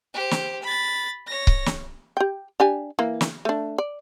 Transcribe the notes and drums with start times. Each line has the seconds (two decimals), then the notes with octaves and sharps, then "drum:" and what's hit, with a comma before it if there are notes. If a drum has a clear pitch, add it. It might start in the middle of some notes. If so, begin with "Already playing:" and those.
0.13 G4 C5
0.31 drum: snare
0.62 B5 A6
1.27 C#5 A#6
1.47 drum: kick C#1
1.66 drum: snare
2.17 G4 G5
2.60 D4 G4 G#5
2.99 E3 A#3
3.21 drum: snare
3.45 A3 D4
3.78 D5